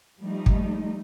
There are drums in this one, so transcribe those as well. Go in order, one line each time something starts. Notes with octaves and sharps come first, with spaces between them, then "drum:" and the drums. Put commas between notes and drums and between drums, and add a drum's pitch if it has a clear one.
F3 G3 A3 D#4
drum: kick